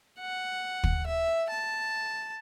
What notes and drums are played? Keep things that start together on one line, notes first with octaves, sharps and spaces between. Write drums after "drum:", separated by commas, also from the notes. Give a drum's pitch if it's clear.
F#5
drum: kick
E5
A5